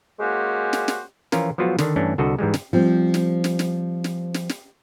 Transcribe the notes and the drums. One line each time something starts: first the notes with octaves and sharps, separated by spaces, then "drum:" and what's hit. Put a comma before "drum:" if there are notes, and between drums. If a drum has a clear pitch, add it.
G#3 A#3 C#4 F#4 G4 C5
drum: snare
drum: snare
E3 F3 C#4 F4 A#4, drum: snare
F3 F#3 G#3 B3 F4 F#4
D3 D#3 D4, drum: snare
G2 E3 A3 C#4 D4
C2 D3 F#4 A4 D#5
G#2 E3 G3 G#3
drum: snare
F3 G3 C4
drum: snare
drum: snare
drum: snare
drum: snare
drum: snare
drum: snare